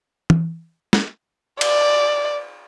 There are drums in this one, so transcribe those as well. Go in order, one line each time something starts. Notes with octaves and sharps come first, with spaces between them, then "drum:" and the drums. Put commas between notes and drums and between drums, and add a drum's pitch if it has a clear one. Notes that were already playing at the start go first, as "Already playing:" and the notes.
drum: tom E3
drum: snare
D5, drum: cymbal